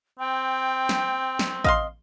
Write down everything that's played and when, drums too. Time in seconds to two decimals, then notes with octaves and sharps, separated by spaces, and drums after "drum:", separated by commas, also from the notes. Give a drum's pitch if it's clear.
0.19 C4 G5
0.89 drum: snare
1.39 drum: snare
1.64 D#5 F5 C6, drum: kick A1